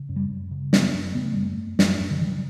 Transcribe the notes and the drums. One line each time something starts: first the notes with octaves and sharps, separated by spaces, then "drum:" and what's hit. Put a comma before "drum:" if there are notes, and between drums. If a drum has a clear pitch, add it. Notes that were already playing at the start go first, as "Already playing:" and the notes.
Already playing: C#3
F#2
G3
F#2
C#3
F#2 B3, drum: snare
F#2
C#3 B3
A3
F#2 G3
A3
F#2
F#2, drum: snare
F#2
D3
C#3 E3
F#3